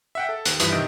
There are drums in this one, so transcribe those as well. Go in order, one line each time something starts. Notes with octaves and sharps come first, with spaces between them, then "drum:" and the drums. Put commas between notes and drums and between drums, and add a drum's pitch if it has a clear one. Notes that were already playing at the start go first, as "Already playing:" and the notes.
E5 F#5 G5
A4
D#2 F#6, drum: hi-hat
G2 E3 F4 E5 D#6 D#7, drum: hi-hat
C3 D#3 D#5 G6 D7